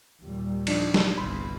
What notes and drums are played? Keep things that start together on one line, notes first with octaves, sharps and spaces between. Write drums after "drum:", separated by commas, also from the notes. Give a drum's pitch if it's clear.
D#2 A#2 G3
F3 D4 D#4, drum: cymbal
drum: snare
G1 C2 B5 C6